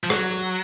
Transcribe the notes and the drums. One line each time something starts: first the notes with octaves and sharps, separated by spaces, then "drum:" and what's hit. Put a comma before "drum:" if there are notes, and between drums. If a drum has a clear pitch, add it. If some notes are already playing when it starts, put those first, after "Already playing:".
F3
F#3, drum: rim click